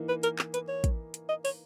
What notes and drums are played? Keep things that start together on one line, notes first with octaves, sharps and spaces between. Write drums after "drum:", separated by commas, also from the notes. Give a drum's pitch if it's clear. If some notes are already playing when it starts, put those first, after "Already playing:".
Already playing: E3 A#3 D#4
B4
A#4, drum: hi-hat
drum: clap
B4, drum: hi-hat
C#5
drum: kick, hi-hat
drum: hi-hat
D#5
C#5, drum: open hi-hat